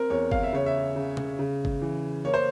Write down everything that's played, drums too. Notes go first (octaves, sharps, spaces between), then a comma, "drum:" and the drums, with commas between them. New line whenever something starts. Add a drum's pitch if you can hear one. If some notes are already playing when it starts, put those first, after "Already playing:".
Already playing: C4 A#4
E2 C#5
F5, drum: kick
E5
C#3 C#5
E5
C#3
drum: tom
C#3
drum: kick
E3
A#3 C#5
C5